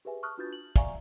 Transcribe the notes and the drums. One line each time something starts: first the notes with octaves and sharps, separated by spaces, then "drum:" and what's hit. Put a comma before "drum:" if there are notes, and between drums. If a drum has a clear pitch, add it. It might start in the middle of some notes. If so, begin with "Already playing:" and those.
G4 G#4 B4 E5 G#5
A5 C#6 D#6 F6 F#6
D4 F4 F#4 B4 G6 A6
F#7
D5 E5 F5 G#5 A#5 C#6, drum: kick, hi-hat